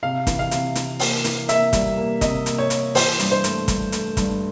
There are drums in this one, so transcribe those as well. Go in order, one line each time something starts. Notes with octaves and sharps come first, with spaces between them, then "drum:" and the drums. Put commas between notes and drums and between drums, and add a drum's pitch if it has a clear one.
C3 F5
E3, drum: kick, hi-hat
F5
C3, drum: hi-hat
E3, drum: hi-hat
A#3, drum: open hi-hat
E3, drum: hi-hat
A#3 E5, drum: hi-hat
G3, drum: kick, hi-hat
A#3
C3 D#5, drum: kick, hi-hat
A#3, drum: hi-hat
C#5
A#3, drum: hi-hat
E3 C5, drum: open hi-hat
G2, drum: hi-hat
C5
A3, drum: hi-hat
G2, drum: kick, hi-hat
A3, drum: hi-hat
G2, drum: kick, hi-hat